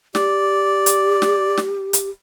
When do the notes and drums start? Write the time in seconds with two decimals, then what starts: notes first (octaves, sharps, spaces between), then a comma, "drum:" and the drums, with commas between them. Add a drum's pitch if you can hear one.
0.15 G4 D5, drum: snare
0.86 drum: hi-hat
1.22 drum: snare
1.57 drum: snare
1.93 drum: hi-hat